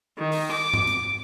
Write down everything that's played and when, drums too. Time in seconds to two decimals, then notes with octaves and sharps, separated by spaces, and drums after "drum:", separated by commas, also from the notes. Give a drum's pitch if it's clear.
0.18 D#3
0.32 drum: open hi-hat
0.51 D6
0.73 drum: tom G2
0.87 drum: hi-hat